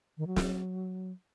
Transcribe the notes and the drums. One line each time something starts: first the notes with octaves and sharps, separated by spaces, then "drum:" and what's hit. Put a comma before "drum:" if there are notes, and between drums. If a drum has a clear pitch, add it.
D#3
F#3
drum: snare